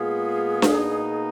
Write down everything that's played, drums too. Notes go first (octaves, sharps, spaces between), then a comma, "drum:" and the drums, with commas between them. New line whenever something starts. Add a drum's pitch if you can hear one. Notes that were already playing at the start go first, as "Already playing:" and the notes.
Already playing: A#2 G#3 B3 F4 G#4
drum: snare D4
B2 A#3 D#4